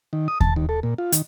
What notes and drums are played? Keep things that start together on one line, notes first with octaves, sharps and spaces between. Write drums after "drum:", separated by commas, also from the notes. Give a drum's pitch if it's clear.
D#3
D#6
A5, drum: kick D#2
D#2
A4
A#2
F4
D#3, drum: hi-hat